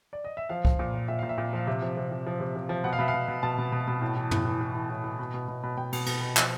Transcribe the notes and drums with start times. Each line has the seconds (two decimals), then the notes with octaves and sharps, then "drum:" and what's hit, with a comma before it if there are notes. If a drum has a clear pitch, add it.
0.13 D5
0.24 D#5
0.37 E5
0.49 F3 F5
0.65 F3, drum: kick C2
0.79 A#2
0.94 F3
1.08 A#2 E5
1.19 A#2 F5
1.29 E5
1.38 A#2
1.53 F3 F5
1.67 C3 E5
1.82 F3
1.97 C3
2.11 F3
2.26 F3
2.40 C3
2.56 F3
2.69 F3
2.84 B2 F#5
2.93 F5
2.99 B2 E5
3.08 F5
3.14 B2
3.28 B2
3.43 B2 A5
3.58 B2
3.72 B2
3.87 B2
4.01 A2
4.16 E3
4.31 A2, drum: tom
4.45 E3
4.61 E3
4.75 E3
4.90 A2
5.04 E3
5.19 B2
5.34 B2
5.48 B2
5.63 B2
5.77 B2 G5
5.93 B2, drum: cymbal
6.06 B2, drum: cymbal
6.21 B2
6.37 F3, drum: clap